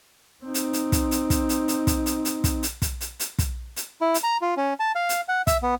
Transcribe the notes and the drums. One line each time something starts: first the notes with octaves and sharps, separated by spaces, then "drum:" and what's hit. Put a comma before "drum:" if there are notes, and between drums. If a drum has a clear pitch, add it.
C4 D#4
drum: hi-hat
drum: hi-hat
drum: kick, hi-hat
drum: hi-hat
drum: kick, hi-hat
drum: hi-hat
drum: hi-hat
drum: kick, hi-hat
drum: hi-hat
drum: hi-hat
drum: kick, hi-hat
drum: hi-hat
drum: kick, hi-hat
drum: hi-hat
drum: hi-hat
drum: kick, hi-hat
drum: hi-hat
E4
drum: hi-hat
A#5
F4
C#4
A5
F5
drum: hi-hat
F#5
E5, drum: kick, hi-hat
B3